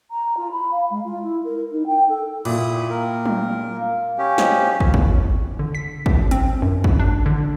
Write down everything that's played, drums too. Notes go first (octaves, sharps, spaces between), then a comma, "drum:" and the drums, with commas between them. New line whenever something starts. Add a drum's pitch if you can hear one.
A#5
F4
B5
F5
G#3
F4
E4
A#4
D#4
G5
A4
A#2 E4 B5 D#6, drum: cymbal
A#3 A#4 F5 G5
drum: tom F#3
F5
C#4 G4
C5 D#5, drum: snare
drum: kick
E2, drum: kick
G1
D3
B6
drum: kick
C4, drum: hi-hat
F#2
drum: kick
D4
D3